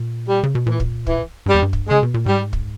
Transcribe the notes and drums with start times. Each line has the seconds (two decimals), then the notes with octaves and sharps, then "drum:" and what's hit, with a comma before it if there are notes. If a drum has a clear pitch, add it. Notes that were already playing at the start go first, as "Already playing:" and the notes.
Already playing: A#2
0.27 G3
0.43 C#3
0.55 B2
0.66 A#2 E3
0.80 drum: kick
1.06 E3, drum: kick
1.46 G2 G3
1.55 E2
1.62 G2
1.73 drum: kick
1.86 G#3
1.91 C#3
2.03 B2
2.14 A#2
2.26 G#2 G3
2.53 drum: kick